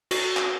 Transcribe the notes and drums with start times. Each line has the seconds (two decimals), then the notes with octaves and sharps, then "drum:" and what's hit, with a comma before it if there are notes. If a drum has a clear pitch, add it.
0.11 F#4, drum: cymbal
0.37 drum: clap